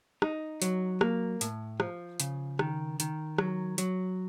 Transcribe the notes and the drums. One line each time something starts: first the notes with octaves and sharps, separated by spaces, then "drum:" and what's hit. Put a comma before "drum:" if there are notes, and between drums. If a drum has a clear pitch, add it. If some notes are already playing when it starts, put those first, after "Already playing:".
D#4, drum: rim click
F#3, drum: hi-hat
A#3, drum: rim click
A2, drum: hi-hat
F3, drum: rim click
C#3, drum: hi-hat
D#3, drum: rim click
D#3, drum: hi-hat
F#3, drum: rim click
F#3, drum: hi-hat